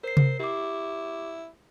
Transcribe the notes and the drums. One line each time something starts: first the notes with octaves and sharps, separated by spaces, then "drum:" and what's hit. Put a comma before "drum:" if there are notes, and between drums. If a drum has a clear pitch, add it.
A#4 C5 C7
drum: tom C3
E4 G4 D6